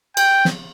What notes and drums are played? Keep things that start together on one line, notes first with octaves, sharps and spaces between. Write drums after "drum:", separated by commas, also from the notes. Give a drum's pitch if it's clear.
G5, drum: cymbal
drum: snare